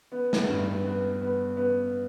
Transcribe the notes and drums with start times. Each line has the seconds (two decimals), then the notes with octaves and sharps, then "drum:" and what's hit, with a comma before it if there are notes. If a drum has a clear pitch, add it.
0.12 B3
0.33 drum: snare
0.49 G2
0.84 B3
1.21 B3
1.57 B3